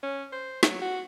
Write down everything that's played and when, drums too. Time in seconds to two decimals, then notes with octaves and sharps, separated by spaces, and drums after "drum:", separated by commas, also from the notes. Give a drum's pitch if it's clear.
0.03 C#4
0.32 C5
0.63 F#3, drum: snare
0.81 F#4